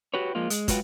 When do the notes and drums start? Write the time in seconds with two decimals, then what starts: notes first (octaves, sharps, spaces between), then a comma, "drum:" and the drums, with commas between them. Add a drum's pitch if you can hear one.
0.14 F#4 G4 B4 C#5
0.35 F3 G#3 A#3 F4
0.50 G#3, drum: hi-hat
0.68 F#3 G#3 F4 F#4 B4 G5, drum: kick, hi-hat